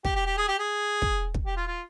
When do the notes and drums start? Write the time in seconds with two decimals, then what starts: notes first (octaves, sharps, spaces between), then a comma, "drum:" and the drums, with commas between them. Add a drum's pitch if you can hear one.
0.05 G4, drum: kick
0.15 G4
0.25 G4
0.37 G#4
0.48 G4
0.59 G#4
1.02 drum: kick
1.34 drum: kick
1.46 G4
1.56 F4
1.67 F4